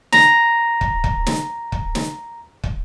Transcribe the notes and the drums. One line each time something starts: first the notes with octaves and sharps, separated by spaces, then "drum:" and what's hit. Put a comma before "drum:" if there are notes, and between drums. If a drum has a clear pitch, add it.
A#5 A#6, drum: snare
drum: kick
drum: kick
drum: snare
drum: kick
drum: snare
drum: kick